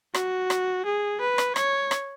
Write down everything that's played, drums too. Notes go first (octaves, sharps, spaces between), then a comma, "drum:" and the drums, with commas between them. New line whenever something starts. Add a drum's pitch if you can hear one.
F#4, drum: rim click
drum: rim click
G#4
B4
drum: rim click
C#5, drum: rim click
drum: rim click